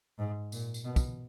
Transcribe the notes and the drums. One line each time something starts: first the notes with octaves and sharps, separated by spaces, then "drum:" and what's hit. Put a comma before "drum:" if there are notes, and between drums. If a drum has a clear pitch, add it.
G#2
A#2, drum: tambourine
drum: tambourine
B2
drum: kick, tambourine